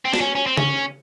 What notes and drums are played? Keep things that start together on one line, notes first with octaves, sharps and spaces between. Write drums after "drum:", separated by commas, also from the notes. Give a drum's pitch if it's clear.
C4
D4, drum: snare
C#4
C#4
C4
C#4, drum: tom C#3